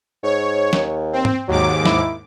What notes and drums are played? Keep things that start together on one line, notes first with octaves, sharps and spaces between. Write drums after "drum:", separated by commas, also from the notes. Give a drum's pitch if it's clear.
G#2 C#5
D#2, drum: snare
C4
drum: tom
D#2 G#2 F#3 D6
E4, drum: snare